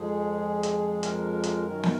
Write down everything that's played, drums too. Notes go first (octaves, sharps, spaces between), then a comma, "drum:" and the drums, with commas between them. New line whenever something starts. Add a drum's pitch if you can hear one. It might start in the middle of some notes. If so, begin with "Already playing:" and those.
Already playing: F2 F3 G#3 G#4
drum: hi-hat
A#4, drum: hi-hat
drum: hi-hat
F#2 D#3 F#3
drum: snare